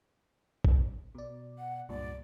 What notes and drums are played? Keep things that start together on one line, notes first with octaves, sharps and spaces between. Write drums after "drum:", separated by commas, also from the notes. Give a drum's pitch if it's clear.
drum: kick
B2 D5
F#5
C#2 G2 A#2 D5